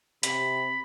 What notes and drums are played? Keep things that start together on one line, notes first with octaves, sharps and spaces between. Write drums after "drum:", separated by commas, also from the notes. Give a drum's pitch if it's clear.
C3 B5, drum: hi-hat